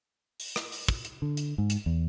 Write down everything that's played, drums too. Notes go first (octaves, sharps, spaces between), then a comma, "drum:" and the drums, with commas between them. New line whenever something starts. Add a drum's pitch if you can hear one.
drum: open hi-hat
drum: rim click
drum: open hi-hat
drum: kick
drum: hi-hat
D3
drum: hi-hat
G#2
drum: hi-hat
E2